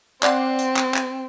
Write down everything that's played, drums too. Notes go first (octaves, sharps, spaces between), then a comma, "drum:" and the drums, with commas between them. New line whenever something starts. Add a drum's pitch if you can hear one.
C4 D5 F#5 C6, drum: clap
drum: hi-hat
drum: clap
drum: clap